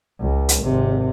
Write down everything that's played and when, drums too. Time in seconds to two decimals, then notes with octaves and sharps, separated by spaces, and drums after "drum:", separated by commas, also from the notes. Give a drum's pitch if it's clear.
0.20 C#2
0.49 drum: hi-hat
0.63 G#1 C3